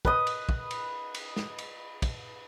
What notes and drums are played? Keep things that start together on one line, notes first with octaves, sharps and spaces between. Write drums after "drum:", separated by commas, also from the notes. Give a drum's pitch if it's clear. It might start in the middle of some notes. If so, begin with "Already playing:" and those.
B4 D#5 D#6, drum: kick
drum: cymbal
drum: kick
drum: cymbal
drum: cymbal
drum: snare
drum: cymbal
drum: kick, cymbal